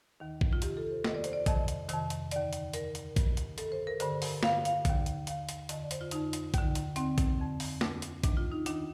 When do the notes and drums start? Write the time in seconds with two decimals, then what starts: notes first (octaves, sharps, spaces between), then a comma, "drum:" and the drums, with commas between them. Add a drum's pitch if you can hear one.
0.20 D#2 D#3
0.41 drum: kick
0.53 F4
0.62 F2 C3 D#3 G4, drum: hi-hat
0.77 A4
0.91 C5
1.04 F2 C3 D#3 D#5, drum: snare
1.15 D5
1.24 C5, drum: hi-hat
1.33 D5
1.46 F2 C3 D#3 D#5, drum: kick, hi-hat
1.68 drum: hi-hat
1.89 F2 C3 D#3, drum: hi-hat
2.10 drum: hi-hat
2.31 D#2 D3 D5, drum: hi-hat
2.53 drum: hi-hat
2.74 D#2 D3 A#4, drum: hi-hat
2.95 drum: hi-hat
3.16 G2 D#3, drum: kick, hi-hat
3.37 drum: hi-hat
3.58 G2 D#3 A4, drum: hi-hat
3.72 C5
3.87 A#4
4.00 G2 D3 C5, drum: hi-hat
4.22 drum: open hi-hat
4.43 G2 D3 F5, drum: snare
4.65 F5, drum: hi-hat
4.85 D#2 D3, drum: kick, hi-hat
5.06 drum: hi-hat
5.27 D#2 D3 F5, drum: hi-hat
5.49 drum: hi-hat
5.69 F2 D3 D#5, drum: hi-hat
5.81 D5
5.91 C5, drum: hi-hat
6.01 F4
6.11 F2 D3 D#4, drum: hi-hat
6.33 drum: hi-hat
6.54 D#2 D3, drum: kick, hi-hat
6.75 drum: hi-hat
6.96 D#2 D3 C4, drum: hi-hat
7.18 drum: kick, hi-hat
7.39 F2 D3
7.60 drum: open hi-hat
7.81 F2 D3 D4, drum: snare
8.02 drum: hi-hat
8.24 D#2 D#3 D4, drum: kick, hi-hat
8.37 F4
8.52 D#4
8.66 D#2 D#3 D4, drum: hi-hat